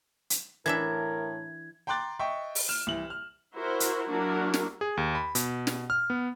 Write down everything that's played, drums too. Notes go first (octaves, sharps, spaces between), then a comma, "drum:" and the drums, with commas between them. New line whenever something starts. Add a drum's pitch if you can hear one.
drum: hi-hat
A2 E3 D4 A#4 E5 G#6
G5 A#5 C6 D6 F#6 A6
D#5 E5 G5 C#6
drum: open hi-hat
F6 E7
C2 E3 F#7
F6
E4 F#4 A#4 C5
drum: hi-hat
F#3 A#3 D4 E4 F#4 A#4
drum: snare
G#4
D#2
B5
B2, drum: hi-hat
drum: snare
F6
B3